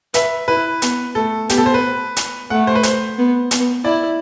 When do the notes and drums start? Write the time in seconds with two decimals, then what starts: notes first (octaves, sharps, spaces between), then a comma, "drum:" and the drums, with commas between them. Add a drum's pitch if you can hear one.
0.14 B4 E5, drum: hi-hat
0.48 E4 B4
0.82 B3, drum: hi-hat
1.15 A3 A4
1.49 B3 G4, drum: hi-hat
1.58 A4
1.66 C5
1.74 B4
2.16 drum: hi-hat
2.50 A3 F#5
2.67 C5
2.75 B4
2.83 C5, drum: hi-hat
3.18 B3
3.51 B3, drum: hi-hat
3.84 E4 D5